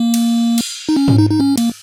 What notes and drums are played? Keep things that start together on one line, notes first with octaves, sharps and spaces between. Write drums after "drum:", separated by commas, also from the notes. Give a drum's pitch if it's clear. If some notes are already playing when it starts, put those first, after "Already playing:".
Already playing: A#3
drum: cymbal
drum: cymbal
D#4
C#4
drum: tom G#2
D#4
D#4
C#4
A#3, drum: cymbal